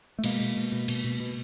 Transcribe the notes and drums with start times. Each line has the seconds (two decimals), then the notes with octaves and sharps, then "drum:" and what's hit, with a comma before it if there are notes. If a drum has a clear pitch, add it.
0.19 A3
0.24 B2 G#3 A#3, drum: cymbal
0.40 B2
0.57 B2
0.72 B2
0.88 B2, drum: cymbal
1.04 B2
1.20 B2